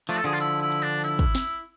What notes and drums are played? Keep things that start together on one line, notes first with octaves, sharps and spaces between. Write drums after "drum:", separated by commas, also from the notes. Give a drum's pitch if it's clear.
F3 A3 D4
A4
D3 F3 G#4
F4
E4, drum: hi-hat
E4
drum: hi-hat
D4
E4, drum: hi-hat
drum: kick, hi-hat
drum: snare